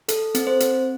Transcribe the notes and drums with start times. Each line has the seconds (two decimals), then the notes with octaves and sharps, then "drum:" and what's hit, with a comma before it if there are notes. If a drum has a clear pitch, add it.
0.08 A4, drum: hi-hat
0.35 C4, drum: hi-hat
0.47 C5
0.60 C4, drum: hi-hat